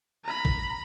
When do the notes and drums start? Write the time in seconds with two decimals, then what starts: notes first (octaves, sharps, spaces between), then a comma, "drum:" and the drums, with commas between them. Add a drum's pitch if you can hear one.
0.24 A#5 B5
0.45 drum: kick